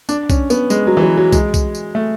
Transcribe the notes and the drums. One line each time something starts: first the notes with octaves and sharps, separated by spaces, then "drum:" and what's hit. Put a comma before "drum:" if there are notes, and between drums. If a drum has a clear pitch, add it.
D4, drum: tambourine
C#4, drum: kick, tambourine
B3, drum: tambourine
G#3, drum: tambourine
F#3
E3
F#3
F#3
G#3, drum: kick, tambourine
drum: kick, tambourine
drum: tambourine
A3